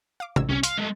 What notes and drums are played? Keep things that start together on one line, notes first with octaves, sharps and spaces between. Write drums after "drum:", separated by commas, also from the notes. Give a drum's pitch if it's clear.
F5 D6
A1 E6 G#6, drum: tom
G1 C2 G3 C#4
F5 C6, drum: hi-hat
G#3 A3